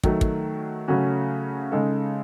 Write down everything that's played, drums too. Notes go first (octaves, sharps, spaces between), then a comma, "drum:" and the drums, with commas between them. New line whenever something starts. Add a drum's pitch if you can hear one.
D#3 F#3 A3, drum: kick
drum: kick
C#3 F#3 A3 C#4 F#4
C#3 G#3 D#4 A4